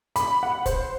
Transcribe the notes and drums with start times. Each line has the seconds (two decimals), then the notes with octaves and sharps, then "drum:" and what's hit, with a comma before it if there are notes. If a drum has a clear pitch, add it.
0.16 B5, drum: hi-hat
0.43 F#5
0.66 C5, drum: kick, hi-hat